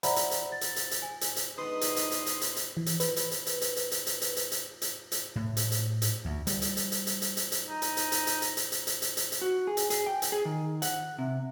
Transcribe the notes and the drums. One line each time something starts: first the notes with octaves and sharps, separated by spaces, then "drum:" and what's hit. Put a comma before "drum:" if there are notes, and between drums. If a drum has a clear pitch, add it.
C5 D5 E5 F#5 A#5 B5, drum: hi-hat
drum: hi-hat
drum: hi-hat
A6
drum: hi-hat
drum: hi-hat
drum: hi-hat
G#5
drum: hi-hat
drum: hi-hat
D3 G#3 B3 D#4 B4 C6 D#6
drum: hi-hat
drum: hi-hat
drum: hi-hat
drum: hi-hat
drum: hi-hat
drum: hi-hat
E3
drum: hi-hat
B4, drum: hi-hat
drum: hi-hat
drum: hi-hat
drum: hi-hat
drum: hi-hat
drum: hi-hat
drum: hi-hat
drum: hi-hat
drum: hi-hat
drum: hi-hat
drum: hi-hat
drum: hi-hat
drum: hi-hat
A2
drum: hi-hat
drum: hi-hat
drum: hi-hat
D2
G3, drum: hi-hat
drum: hi-hat
drum: hi-hat
drum: hi-hat
drum: hi-hat
drum: hi-hat
drum: hi-hat
drum: hi-hat
D#4
drum: hi-hat
drum: hi-hat
drum: hi-hat
drum: hi-hat
drum: hi-hat
drum: hi-hat
drum: hi-hat
drum: hi-hat
drum: hi-hat
drum: hi-hat
drum: hi-hat
F#4
G#4
drum: hi-hat
G#4, drum: hi-hat
G5
drum: hi-hat
G#4
D#3
F#5, drum: hi-hat
C3